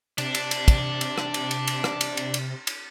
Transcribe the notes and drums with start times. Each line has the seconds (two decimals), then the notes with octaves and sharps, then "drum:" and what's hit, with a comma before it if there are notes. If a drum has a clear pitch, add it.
0.18 C3 D4, drum: cymbal
0.35 drum: cymbal
0.51 drum: cymbal
0.68 drum: kick, cymbal
1.01 drum: cymbal
1.18 drum: rim click
1.34 drum: cymbal
1.51 drum: cymbal
1.67 drum: cymbal
1.84 drum: rim click
2.01 drum: cymbal
2.17 drum: cymbal
2.34 drum: cymbal
2.67 drum: cymbal